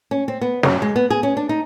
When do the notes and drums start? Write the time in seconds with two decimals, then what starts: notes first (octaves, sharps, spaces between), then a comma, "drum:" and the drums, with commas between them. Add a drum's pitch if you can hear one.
0.11 C#4
0.28 C4
0.41 B3
0.63 F#2, drum: snare
0.82 G#3
0.96 B3
1.10 G#4
1.23 C#4
1.37 D4
1.49 D#4